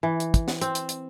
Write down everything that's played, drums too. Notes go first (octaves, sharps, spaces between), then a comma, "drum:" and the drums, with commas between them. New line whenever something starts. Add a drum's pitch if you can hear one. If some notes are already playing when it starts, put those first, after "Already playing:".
E3
drum: hi-hat
drum: kick, hi-hat
drum: snare
C4, drum: hi-hat
drum: hi-hat
drum: hi-hat